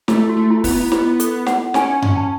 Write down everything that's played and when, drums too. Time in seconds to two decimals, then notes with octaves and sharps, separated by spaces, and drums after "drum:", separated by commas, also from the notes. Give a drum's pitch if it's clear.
0.08 A3 E4, drum: snare
0.29 F#4
0.36 A3
0.50 E4
0.64 B3, drum: kick, open hi-hat
0.71 E4
0.92 E4, drum: snare
1.20 A4, drum: hi-hat
1.46 F#5, drum: snare
1.74 C#4 G#5, drum: snare
2.02 C#4, drum: tom F#2
2.16 A5